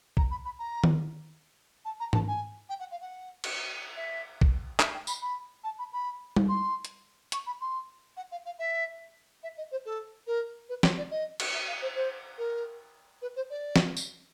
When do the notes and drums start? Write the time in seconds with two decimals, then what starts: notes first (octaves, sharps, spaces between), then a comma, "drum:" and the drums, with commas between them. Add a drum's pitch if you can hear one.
0.17 A#5, drum: kick
0.30 B5
0.45 B5
0.59 A#5
0.84 drum: tom D#3
1.85 A5
2.00 A#5
2.13 A5, drum: tom G#2
2.27 G#5
2.69 G5
2.79 F#5
2.91 F5
3.01 F#5
3.44 drum: cymbal
3.96 E5
4.41 drum: kick
4.80 E5, drum: clap
4.94 G5
5.07 B5, drum: tambourine
5.21 B5
5.63 A5
5.78 B5
5.92 B5
6.36 drum: tom G3
6.48 C6
6.85 drum: hi-hat
7.32 C#6, drum: hi-hat
7.46 B5
7.61 C6
8.16 F#5
8.31 F5
8.45 F5
8.58 E5
9.43 E5
9.57 D#5
9.71 C5
9.85 A4
10.27 A#4
10.69 B4
10.83 C#5, drum: snare
10.97 D5
11.10 D#5
11.40 drum: cymbal
11.54 E5
11.66 F5
11.81 C5
11.95 C5
12.37 A#4
13.21 B4
13.36 C5
13.50 D5
13.76 drum: snare
13.97 drum: tambourine